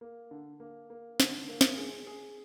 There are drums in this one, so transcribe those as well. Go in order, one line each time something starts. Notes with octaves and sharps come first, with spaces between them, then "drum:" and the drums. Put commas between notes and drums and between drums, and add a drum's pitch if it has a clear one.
A#3
D3
A#3
A#3
D3, drum: snare
A#3
drum: snare
G#4
G#4